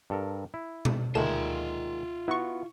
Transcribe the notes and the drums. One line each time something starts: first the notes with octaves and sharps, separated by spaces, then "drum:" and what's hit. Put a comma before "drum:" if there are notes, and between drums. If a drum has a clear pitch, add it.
G2 A4 A#4
E4
drum: tom B2
D2 A#2 D#3 G#3 F4 A4 E5 E7
B3 E4 F#4 C#6